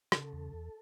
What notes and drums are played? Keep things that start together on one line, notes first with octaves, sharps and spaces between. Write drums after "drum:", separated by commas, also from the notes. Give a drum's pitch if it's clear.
C#3 A4, drum: rim click
E2
E2